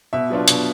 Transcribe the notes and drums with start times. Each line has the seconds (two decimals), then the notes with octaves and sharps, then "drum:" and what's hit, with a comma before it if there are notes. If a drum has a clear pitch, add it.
0.13 B2 E5
0.30 F#3 B3 D4 F4
0.48 B2, drum: hi-hat